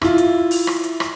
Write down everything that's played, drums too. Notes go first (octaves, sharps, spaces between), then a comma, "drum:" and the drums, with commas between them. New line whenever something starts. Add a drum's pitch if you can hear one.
E4 F4, drum: rim click
drum: hi-hat
drum: open hi-hat
drum: rim click
drum: hi-hat
drum: rim click